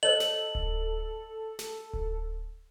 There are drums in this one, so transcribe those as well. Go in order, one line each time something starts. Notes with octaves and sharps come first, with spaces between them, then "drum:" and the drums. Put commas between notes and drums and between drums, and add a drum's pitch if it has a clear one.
A4 C5 C#5 D#5 F#7
drum: snare
drum: kick D1
drum: snare
drum: kick D1